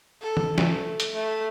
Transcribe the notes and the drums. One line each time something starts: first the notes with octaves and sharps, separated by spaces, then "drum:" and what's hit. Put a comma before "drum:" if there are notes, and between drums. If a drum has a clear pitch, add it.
A4
drum: tom D#3
A3, drum: snare
drum: hi-hat
A3